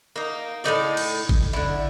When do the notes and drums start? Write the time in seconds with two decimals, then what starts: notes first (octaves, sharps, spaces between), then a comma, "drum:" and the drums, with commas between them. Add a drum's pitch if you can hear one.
0.16 A#3 D#4
0.64 A2 G3 D#4 D5
0.97 drum: cymbal
1.29 drum: kick G#1
1.53 D3 E4